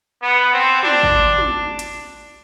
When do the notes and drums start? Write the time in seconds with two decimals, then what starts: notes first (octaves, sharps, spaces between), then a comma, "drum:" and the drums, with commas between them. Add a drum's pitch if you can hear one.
0.23 B3
0.53 C4
0.83 D4, drum: tom
1.03 drum: kick
1.38 drum: tom
1.79 drum: hi-hat